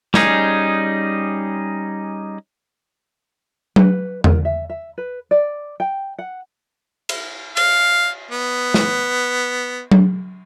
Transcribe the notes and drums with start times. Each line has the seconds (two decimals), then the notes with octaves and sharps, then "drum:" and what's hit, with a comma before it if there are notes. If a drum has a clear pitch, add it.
0.14 G3 C#4 D#4 G#4, drum: snare
3.76 B4, drum: tom F#3
4.24 A#4, drum: tom E2
4.45 E5
4.70 E5
4.98 B4
5.31 D5
5.80 G5
6.19 F#5
7.09 drum: cymbal
7.57 F5, drum: cymbal
8.31 B3
8.74 drum: snare
9.91 drum: tom F#3